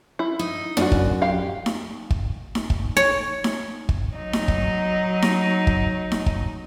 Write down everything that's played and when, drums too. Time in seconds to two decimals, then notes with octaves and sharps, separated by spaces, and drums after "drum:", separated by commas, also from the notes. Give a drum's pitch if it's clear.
0.19 E4
0.39 D#4
0.77 F#2 D4 F#4, drum: snare D#4
0.92 drum: kick
1.22 G4 F5 G5
1.66 drum: snare D#4
2.10 drum: kick
2.55 drum: snare D#4
2.70 drum: kick
2.97 C#5
3.44 drum: snare D#4
3.89 drum: kick
4.15 F#3 D#4
4.33 drum: snare D#4
4.48 drum: kick
5.22 drum: snare D#4
5.67 drum: kick
6.12 drum: snare D#4
6.26 drum: kick